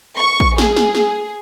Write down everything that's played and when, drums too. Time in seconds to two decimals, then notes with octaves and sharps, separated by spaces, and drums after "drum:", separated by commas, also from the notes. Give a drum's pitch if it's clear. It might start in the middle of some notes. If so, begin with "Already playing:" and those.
0.18 C#6
0.40 drum: kick
0.58 G#4, drum: snare
0.76 drum: snare
0.95 drum: snare